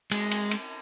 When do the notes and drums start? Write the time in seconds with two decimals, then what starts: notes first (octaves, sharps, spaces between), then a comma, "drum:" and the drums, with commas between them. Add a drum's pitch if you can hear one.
0.11 G#3, drum: cymbal
0.31 drum: cymbal
0.51 drum: cymbal